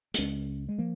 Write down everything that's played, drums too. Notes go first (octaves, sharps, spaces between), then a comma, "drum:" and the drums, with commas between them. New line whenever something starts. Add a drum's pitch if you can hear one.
A#3, drum: hi-hat
C#2 C#3 G#3 C#4
G#3
F3 A#3